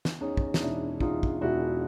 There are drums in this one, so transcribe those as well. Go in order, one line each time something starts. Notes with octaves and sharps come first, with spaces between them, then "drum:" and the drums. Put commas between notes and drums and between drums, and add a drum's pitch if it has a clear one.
drum: snare
E2 C#4 D#4
drum: kick
D#4, drum: snare
E1 D4 E4
E2 D#4 F4, drum: kick
drum: kick
E1 E4 F#4